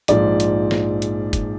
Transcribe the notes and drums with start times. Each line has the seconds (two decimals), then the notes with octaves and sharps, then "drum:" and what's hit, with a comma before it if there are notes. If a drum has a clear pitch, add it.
0.08 A#1 G#2 F3 D5, drum: hi-hat
0.40 drum: hi-hat
0.71 drum: snare
1.02 drum: hi-hat
1.33 drum: kick F#1, hi-hat